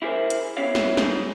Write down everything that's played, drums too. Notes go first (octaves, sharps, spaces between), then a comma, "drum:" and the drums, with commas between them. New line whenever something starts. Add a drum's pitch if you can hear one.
E4 G4 G#4 A#4 C5 E5
drum: hi-hat
B3 C#4 E4 G4 C#5 F5
drum: snare
D#4 G#4, drum: snare